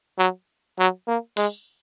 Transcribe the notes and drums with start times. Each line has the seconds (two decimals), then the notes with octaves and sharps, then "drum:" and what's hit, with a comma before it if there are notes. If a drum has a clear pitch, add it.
0.19 F#3
0.79 F#3
1.08 A#3
1.37 G#3, drum: open hi-hat